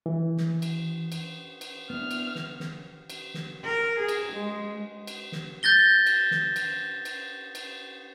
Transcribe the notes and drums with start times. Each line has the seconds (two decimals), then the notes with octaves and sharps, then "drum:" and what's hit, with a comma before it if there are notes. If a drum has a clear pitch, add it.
0.06 E3
0.37 drum: snare
0.62 drum: cymbal
1.12 drum: cymbal
1.61 drum: cymbal
1.90 B3 D4 E4 F6
2.11 drum: cymbal
2.35 drum: snare
2.60 drum: snare
3.10 drum: cymbal
3.34 drum: snare
3.64 A#4
3.99 G#4
4.09 drum: cymbal
4.33 G#3
5.07 drum: cymbal
5.32 drum: snare
5.63 G6 A6 A#6 G7
6.06 drum: cymbal
6.31 drum: snare
6.56 drum: cymbal
7.05 drum: cymbal
7.55 drum: cymbal